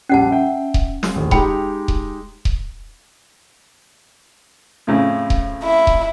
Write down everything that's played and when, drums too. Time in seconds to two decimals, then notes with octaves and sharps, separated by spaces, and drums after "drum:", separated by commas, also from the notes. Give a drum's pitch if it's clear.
0.09 A#1 G3 C#4 F#5 A5 C7
0.31 E5 G5
0.74 drum: kick D#1
1.03 drum: snare
1.16 A#1 D#2 A2
1.31 G#3 D#4 G4 G5 B5, drum: kick D#1
1.88 drum: kick D#1
2.45 drum: kick D#1
4.87 F2 A2 C#3
5.30 drum: kick D#1
5.63 E4
5.87 drum: kick D#1